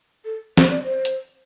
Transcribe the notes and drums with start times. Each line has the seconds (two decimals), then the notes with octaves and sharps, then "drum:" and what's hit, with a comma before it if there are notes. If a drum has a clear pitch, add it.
0.25 A4
0.57 C5, drum: snare
0.70 D5
0.84 C5
1.05 drum: hi-hat